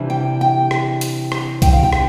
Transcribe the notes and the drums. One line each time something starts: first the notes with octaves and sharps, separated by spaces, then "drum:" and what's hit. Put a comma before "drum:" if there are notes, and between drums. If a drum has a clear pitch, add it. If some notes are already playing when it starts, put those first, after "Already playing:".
Already playing: C3 E3 G3 D4
G5
G5
drum: rim click
drum: hi-hat
drum: rim click
G5, drum: kick C2, hi-hat
F5
G5
drum: rim click